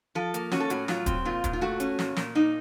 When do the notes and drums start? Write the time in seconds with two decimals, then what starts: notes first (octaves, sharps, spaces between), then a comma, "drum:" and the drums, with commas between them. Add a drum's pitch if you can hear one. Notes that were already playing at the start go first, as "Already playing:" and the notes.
0.15 F3 A4
0.34 A#3, drum: hi-hat
0.52 C#4 F#4, drum: snare
0.60 A4
0.70 A2 F#4, drum: hi-hat
0.88 F#3 F4, drum: snare
1.06 C4, drum: kick, hi-hat
1.25 A#2 F4
1.44 A#2, drum: kick, hi-hat
1.53 F4
1.61 A3 F#4
1.80 C#4, drum: hi-hat
1.99 A#2, drum: snare
2.17 A#2, drum: snare
2.35 A#3 D#4